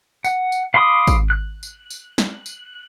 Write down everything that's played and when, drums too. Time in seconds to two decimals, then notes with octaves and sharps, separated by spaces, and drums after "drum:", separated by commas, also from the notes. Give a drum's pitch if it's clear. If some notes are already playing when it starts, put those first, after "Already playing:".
0.24 F#5, drum: tambourine
0.52 drum: tambourine
0.74 F5 B5 C6 D6 D#6
1.07 drum: kick, tambourine
1.30 F#6
1.63 drum: tambourine
1.90 drum: tambourine
2.18 drum: snare
2.46 drum: tambourine